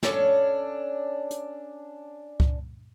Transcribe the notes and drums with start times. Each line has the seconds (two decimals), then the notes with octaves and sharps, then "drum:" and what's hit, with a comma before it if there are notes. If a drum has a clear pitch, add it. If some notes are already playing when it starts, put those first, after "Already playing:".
0.03 C#4 D4 A4 C#5, drum: snare
1.31 drum: hi-hat
2.40 drum: kick C#2